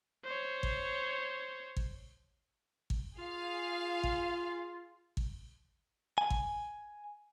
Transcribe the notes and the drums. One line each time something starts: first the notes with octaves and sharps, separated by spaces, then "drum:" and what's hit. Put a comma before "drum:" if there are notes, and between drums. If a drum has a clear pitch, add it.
C5 C#5
drum: kick G#1
drum: kick G#1
drum: kick G#1
F4 G#4 F5
drum: kick G#1
drum: kick G#1
G#5
drum: kick G#1